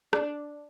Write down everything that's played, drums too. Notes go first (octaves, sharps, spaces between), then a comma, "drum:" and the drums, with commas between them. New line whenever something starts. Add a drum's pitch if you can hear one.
D4, drum: rim click